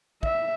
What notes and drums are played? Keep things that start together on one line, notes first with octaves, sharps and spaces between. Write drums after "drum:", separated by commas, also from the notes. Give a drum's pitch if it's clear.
E5, drum: kick